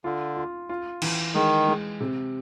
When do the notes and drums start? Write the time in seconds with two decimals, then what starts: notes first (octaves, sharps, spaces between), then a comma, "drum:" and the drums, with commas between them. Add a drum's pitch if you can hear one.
0.04 D3 F4
0.37 F4
0.69 F4
1.02 E3, drum: cymbal
1.34 D#3 G#3
1.67 G#3
2.00 C3